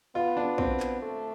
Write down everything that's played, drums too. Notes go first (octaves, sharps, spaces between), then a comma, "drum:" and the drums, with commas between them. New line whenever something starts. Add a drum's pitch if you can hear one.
B3 F4
D4
C4, drum: kick
drum: clap
A3